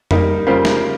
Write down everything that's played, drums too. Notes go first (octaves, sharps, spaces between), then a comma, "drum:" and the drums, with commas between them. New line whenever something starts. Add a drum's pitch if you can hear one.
G3 A#3 D#4, drum: tom F2
C#3 G3 A#3 F4 C5
drum: snare